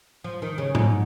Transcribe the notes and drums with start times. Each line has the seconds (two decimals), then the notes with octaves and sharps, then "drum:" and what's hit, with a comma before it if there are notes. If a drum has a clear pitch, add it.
0.24 F3
0.42 D#3
0.58 C#3
0.75 G#2, drum: tom A2